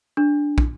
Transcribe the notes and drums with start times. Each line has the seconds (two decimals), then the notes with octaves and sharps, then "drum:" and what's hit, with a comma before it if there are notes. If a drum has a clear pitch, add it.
0.17 D4
0.58 drum: kick